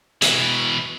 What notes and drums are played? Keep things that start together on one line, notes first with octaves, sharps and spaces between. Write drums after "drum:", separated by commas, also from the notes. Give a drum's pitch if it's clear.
B2 E3, drum: hi-hat